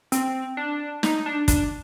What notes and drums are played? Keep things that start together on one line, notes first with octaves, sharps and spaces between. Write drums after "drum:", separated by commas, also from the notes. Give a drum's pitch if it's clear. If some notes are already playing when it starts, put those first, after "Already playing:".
C4, drum: hi-hat
D4
D#4, drum: snare
D4
D4, drum: kick, hi-hat